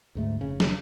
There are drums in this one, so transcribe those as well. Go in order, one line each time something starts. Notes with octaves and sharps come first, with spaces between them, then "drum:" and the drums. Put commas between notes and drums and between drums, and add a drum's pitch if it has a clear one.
D2 G#2 A3
F1 C#3
drum: snare